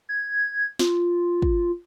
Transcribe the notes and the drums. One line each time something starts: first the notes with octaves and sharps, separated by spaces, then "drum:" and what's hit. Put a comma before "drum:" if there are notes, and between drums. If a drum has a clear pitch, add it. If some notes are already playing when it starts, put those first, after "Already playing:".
G#6
F4, drum: snare
drum: kick